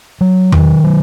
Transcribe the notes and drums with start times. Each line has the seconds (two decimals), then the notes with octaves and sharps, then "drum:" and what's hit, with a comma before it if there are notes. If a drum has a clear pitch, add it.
0.21 F#3
0.52 D#3, drum: tom E2
0.84 F#3